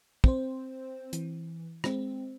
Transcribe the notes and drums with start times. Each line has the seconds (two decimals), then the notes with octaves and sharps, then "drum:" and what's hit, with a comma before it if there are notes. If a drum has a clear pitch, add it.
0.24 C4 C5, drum: kick
1.13 E3, drum: hi-hat
1.84 G#3 C4, drum: rim click